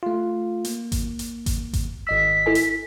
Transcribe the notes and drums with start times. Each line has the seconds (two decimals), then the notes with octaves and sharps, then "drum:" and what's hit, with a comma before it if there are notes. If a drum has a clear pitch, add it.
0.03 A3 F4
0.65 A#3, drum: hi-hat
0.92 drum: kick G#1, hi-hat
1.19 drum: hi-hat
1.46 drum: kick G#1, hi-hat
1.73 drum: kick G#1, hi-hat
2.07 G#1 D#5 E6 B6
2.46 E4 A4 G#5
2.55 drum: hi-hat